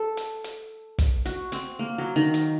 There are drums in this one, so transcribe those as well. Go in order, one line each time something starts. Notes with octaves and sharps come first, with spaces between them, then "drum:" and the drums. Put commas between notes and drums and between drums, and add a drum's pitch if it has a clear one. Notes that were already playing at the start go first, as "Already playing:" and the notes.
Already playing: A4
drum: hi-hat
drum: hi-hat
drum: kick, hi-hat
F#4, drum: hi-hat
C4, drum: hi-hat
A#3
F#3
D#3
drum: hi-hat